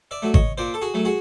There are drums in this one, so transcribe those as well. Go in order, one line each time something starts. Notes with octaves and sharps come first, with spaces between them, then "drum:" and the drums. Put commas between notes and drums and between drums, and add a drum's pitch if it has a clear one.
D5 E5
F#3 A3
C#5 D#5, drum: kick G#1
A#2 C5 D5
A4
F#4 G#4
F#3 A3
F#4 G#4